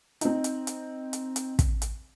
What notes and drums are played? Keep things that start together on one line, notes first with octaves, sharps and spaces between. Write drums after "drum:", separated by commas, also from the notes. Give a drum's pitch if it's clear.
C4 D#4, drum: hi-hat
drum: hi-hat
drum: hi-hat
drum: hi-hat
drum: hi-hat
drum: kick, hi-hat
drum: hi-hat